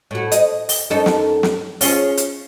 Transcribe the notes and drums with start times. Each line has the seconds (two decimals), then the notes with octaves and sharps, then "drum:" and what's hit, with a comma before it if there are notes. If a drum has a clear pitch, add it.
0.11 A2 F#4
0.32 D#5, drum: hi-hat
0.69 drum: open hi-hat
0.90 F#2 D#4 A4
1.06 drum: snare
1.43 drum: snare
1.81 C#4 F4 G#4, drum: open hi-hat
2.17 drum: hi-hat